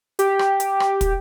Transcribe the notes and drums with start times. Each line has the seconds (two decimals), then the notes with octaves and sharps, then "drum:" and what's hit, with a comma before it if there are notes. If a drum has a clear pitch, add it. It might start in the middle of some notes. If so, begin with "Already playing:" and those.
0.19 G4, drum: hi-hat
0.39 drum: rim click
0.60 drum: hi-hat
0.80 drum: rim click
1.01 drum: kick, hi-hat